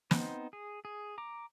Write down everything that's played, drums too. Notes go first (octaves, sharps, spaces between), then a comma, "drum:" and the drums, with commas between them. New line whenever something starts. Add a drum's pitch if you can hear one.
B3 C4 D#4 C5, drum: snare
G#4
G#4
A#5 D6